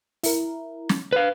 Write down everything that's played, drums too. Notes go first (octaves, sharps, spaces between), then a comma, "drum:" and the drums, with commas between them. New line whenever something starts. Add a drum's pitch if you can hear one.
E4 A#4, drum: open hi-hat
drum: snare
B4 F5